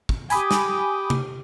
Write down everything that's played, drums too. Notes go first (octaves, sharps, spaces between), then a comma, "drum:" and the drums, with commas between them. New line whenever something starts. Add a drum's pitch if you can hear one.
drum: kick
G4 G#5 B5 D#6, drum: hi-hat
drum: snare
drum: tom C3